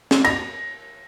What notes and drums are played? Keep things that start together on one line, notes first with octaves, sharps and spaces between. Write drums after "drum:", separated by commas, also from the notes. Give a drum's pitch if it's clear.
drum: snare
A#6, drum: cymbal